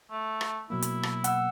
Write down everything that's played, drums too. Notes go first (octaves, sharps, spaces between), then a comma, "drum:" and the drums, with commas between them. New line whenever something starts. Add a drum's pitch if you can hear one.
A3
drum: rim click
B2 F#3 A#3 E4
drum: hi-hat
drum: rim click
F#5 E6, drum: hi-hat